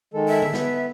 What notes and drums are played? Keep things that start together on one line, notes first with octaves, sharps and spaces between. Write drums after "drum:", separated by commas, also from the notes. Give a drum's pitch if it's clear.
D#3 G#3 A4
E5
drum: tom D3
B3, drum: snare